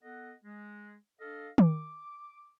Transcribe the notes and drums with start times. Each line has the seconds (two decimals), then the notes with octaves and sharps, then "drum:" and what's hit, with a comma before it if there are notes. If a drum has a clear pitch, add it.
0.03 B3 A4 D#5 F#5
0.43 G#3
1.20 D4 A4 D#5 F5
1.58 D6, drum: tom D#3